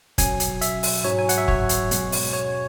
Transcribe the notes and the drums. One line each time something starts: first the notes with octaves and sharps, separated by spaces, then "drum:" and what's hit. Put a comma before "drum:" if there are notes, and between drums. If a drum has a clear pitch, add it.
B2 F#3 C#4 G#5, drum: kick, hi-hat
drum: hi-hat
E5, drum: hi-hat
drum: open hi-hat
G#2 F#3 C#4 C#5
G#5
F#5, drum: hi-hat
E5
C#5, drum: kick
drum: hi-hat
B2 G#3 C#4, drum: hi-hat
drum: open hi-hat
C#5